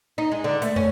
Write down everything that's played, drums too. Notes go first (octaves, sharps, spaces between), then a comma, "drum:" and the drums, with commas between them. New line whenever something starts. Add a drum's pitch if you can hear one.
D#4
G#3
D3
A3, drum: hi-hat
C#4, drum: tom